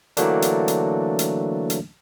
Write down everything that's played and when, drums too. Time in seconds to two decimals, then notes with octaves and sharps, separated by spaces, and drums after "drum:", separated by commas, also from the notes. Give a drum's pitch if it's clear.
0.17 D3 E3 F#3 A3 A#3 D4, drum: hi-hat
0.42 drum: hi-hat
0.68 drum: hi-hat
1.19 drum: hi-hat
1.70 drum: hi-hat